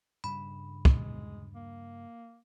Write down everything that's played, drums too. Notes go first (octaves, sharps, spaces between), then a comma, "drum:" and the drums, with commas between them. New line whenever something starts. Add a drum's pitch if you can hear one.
G2 C#3 G3 B5
G#3, drum: kick
A#3